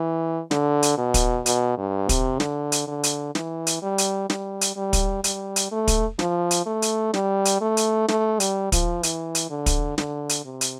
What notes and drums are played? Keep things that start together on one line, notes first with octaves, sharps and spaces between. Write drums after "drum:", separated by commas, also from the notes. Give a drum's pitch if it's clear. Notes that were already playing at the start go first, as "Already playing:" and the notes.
Already playing: E3
D3, drum: snare
drum: hi-hat
B2
drum: kick, hi-hat
B2, drum: hi-hat
G2
C3, drum: kick, hi-hat
D3, drum: snare
drum: hi-hat
D3
drum: hi-hat
E3, drum: snare
drum: hi-hat
G3
drum: hi-hat
G3, drum: snare
drum: hi-hat
G3
drum: kick, hi-hat
G3, drum: hi-hat
drum: hi-hat
A3
drum: kick, hi-hat
F3, drum: snare
drum: hi-hat
A3
drum: hi-hat
G3, drum: snare
drum: hi-hat
A3
drum: hi-hat
A3, drum: snare
G3, drum: hi-hat
F3, drum: kick, hi-hat
E3, drum: hi-hat
drum: hi-hat
D3
drum: kick, hi-hat
D3, drum: snare
drum: hi-hat
C3
drum: hi-hat